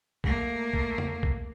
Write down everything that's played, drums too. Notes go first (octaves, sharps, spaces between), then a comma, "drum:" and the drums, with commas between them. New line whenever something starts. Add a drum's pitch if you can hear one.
A3 A#3, drum: kick
drum: kick
drum: tom E2
drum: kick